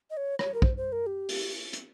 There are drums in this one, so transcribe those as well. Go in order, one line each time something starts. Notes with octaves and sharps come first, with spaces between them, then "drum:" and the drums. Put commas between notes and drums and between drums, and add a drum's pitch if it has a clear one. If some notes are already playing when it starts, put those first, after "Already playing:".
D#5
C#5
C#5, drum: rim click
A#4
C5, drum: kick
C5
A#4
G4
drum: open hi-hat
drum: hi-hat